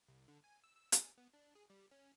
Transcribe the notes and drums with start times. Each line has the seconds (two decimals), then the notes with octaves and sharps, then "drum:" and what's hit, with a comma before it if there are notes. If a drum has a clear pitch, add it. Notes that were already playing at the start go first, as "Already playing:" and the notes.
0.09 C2
0.28 D3
0.44 G#5
0.64 E6
0.76 E6
0.92 G#4, drum: hi-hat
1.18 B3
1.34 D4
1.55 G#4
1.70 G3
1.91 C#4